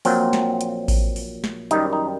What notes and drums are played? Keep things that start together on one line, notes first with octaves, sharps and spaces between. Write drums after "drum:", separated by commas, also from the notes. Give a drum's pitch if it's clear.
A#1 A#2 F#3 C4, drum: open hi-hat
drum: snare
drum: hi-hat
drum: kick A1, open hi-hat
drum: open hi-hat
drum: snare
F#2 D#3 G3 D#4, drum: hi-hat
D#4